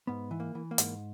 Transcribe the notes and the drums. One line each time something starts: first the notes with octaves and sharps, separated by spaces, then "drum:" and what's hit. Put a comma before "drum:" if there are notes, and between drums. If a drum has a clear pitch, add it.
G#2 B3
E3
A#3
E3
A#3
G#2, drum: hi-hat